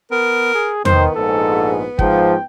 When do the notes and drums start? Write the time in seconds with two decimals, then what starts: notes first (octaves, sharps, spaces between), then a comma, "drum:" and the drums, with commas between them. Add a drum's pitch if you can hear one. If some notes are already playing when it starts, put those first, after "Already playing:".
0.11 B3 A#4
0.55 G#4
0.85 D#3 B3 C5, drum: tom E2
1.16 A#1 G#2 A4
1.99 G#2 F3 G5, drum: kick